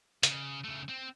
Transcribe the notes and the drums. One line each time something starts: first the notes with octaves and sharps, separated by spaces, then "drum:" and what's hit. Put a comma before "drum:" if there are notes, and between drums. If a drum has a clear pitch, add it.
C#3, drum: hi-hat
C#3 A3
C4